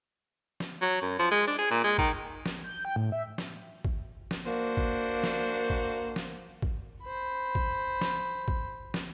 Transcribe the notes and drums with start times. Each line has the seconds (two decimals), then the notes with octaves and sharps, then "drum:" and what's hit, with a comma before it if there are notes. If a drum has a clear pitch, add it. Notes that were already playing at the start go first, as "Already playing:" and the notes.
0.60 drum: snare
0.82 F#3
1.02 F#2
1.19 F3
1.31 G#3
1.47 D4
1.59 G#4
1.71 A#2
1.84 G#3
1.98 D#3, drum: kick
2.46 drum: snare
2.64 G6
2.85 G5
2.96 A2
3.12 E5
3.38 drum: snare
3.85 drum: kick
4.31 drum: snare
4.46 A#3 D4 F#4 C5
4.77 drum: kick
5.23 drum: snare
5.70 drum: kick
6.16 drum: snare
6.62 drum: kick
7.03 C5 B5
7.55 drum: kick
8.01 drum: snare
8.48 drum: kick
8.94 drum: snare